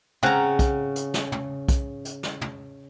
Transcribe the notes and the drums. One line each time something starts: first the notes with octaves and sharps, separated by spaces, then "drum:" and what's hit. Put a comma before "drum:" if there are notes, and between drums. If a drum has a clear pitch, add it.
C#3 C4 C#4 F#5 A#5, drum: tom
drum: kick, hi-hat
drum: hi-hat
drum: snare
drum: tom
drum: kick, hi-hat
drum: hi-hat
drum: snare
drum: tom